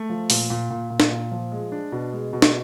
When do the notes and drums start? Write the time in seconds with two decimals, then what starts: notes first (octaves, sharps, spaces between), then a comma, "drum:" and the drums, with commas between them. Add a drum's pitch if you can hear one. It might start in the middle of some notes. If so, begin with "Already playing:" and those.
Already playing: A3
0.10 F3
0.30 A#2, drum: open hi-hat
0.50 A#2
0.70 A#2
0.90 A#2
1.00 drum: snare
1.11 A#2
1.32 F3
1.52 G#3
1.72 D4
1.92 B2
2.13 G#3
2.33 B2
2.42 drum: snare